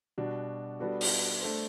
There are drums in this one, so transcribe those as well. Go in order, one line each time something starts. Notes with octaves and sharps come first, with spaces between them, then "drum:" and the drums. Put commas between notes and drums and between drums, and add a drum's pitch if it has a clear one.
B2 G3 D4 F#4
G3 B3 D4 F#4 A4
drum: open hi-hat
A3 D4 A4 C5